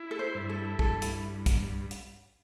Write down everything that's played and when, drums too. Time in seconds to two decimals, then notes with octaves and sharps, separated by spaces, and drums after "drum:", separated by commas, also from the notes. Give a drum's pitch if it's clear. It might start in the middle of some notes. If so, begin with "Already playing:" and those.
Already playing: E4
0.11 A4
0.19 C5
0.34 G2
0.49 A4
0.79 G2 A4, drum: kick
1.02 E4, drum: hi-hat
1.46 drum: kick, hi-hat
1.91 drum: hi-hat